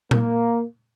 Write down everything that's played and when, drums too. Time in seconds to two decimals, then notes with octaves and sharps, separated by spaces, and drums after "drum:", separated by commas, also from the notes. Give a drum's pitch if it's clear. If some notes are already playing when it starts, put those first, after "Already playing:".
0.11 A#3, drum: tom A#2